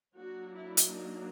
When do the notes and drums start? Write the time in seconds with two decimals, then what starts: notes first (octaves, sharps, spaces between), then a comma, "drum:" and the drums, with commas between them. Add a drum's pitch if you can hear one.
0.16 F#3 A#3 D4 F#4
0.57 E4
0.77 drum: hi-hat
0.97 D#4